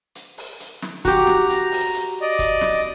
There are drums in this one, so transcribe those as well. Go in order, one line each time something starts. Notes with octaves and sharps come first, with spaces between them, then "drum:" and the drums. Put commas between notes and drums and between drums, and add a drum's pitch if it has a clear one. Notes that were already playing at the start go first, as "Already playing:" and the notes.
drum: hi-hat
drum: open hi-hat
drum: hi-hat
drum: snare
F#4 G4 A#5, drum: kick, hi-hat
drum: snare
drum: hi-hat
drum: open hi-hat
drum: hi-hat
D5 D#5
drum: kick, hi-hat
drum: snare